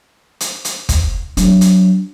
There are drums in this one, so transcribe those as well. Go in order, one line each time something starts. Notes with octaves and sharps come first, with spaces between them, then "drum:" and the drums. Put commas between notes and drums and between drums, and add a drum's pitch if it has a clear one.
drum: hi-hat
drum: hi-hat
drum: kick, hi-hat
F#3 D4, drum: hi-hat
drum: hi-hat